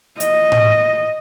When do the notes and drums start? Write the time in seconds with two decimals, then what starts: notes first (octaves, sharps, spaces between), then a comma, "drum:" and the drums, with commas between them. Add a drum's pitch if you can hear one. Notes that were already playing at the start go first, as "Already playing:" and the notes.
0.20 D#5, drum: hi-hat
0.52 drum: tom A2